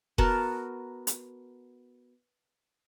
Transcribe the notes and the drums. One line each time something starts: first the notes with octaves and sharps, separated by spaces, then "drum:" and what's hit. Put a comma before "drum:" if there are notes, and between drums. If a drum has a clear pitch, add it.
B3 F#4 A#4 A5, drum: kick F1
drum: hi-hat